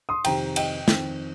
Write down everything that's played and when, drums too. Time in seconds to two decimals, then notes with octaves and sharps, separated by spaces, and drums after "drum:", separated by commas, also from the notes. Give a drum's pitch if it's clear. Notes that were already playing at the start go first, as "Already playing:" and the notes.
0.09 C6 D#6
0.25 F2 C3 D#3 G5 A#5, drum: cymbal
0.56 D#5 G5, drum: cymbal
0.88 F2 D#3, drum: snare